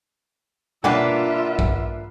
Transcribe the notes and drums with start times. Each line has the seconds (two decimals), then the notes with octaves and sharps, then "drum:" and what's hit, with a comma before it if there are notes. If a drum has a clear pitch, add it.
0.84 A#3 D4 F4 B4 E5 F#5, drum: tom B2
1.59 drum: kick A#1